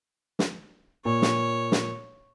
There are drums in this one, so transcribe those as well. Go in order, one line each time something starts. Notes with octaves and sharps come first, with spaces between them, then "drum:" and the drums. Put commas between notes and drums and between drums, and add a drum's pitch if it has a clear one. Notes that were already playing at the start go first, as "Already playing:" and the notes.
drum: snare
A#2 C#5
drum: snare
drum: snare